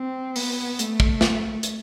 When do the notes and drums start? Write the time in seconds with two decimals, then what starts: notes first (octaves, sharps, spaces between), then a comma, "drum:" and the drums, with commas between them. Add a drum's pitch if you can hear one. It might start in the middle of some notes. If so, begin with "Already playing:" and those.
Already playing: C4
0.36 B3, drum: open hi-hat
0.79 A3, drum: hi-hat
1.00 drum: kick
1.21 drum: snare
1.63 drum: hi-hat